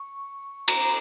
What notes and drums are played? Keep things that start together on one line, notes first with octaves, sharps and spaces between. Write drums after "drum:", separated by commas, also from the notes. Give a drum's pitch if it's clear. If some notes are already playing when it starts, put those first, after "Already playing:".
Already playing: C#6
A#5, drum: cymbal